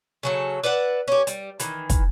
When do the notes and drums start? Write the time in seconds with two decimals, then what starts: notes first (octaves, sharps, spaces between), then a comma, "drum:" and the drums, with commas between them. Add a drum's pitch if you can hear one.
0.23 C#3 F#3 A4
0.63 B4 D5 E5 F#5
1.08 C#4 G4
1.27 G3, drum: hi-hat
1.60 D#3 E3, drum: hi-hat
1.90 drum: kick, hi-hat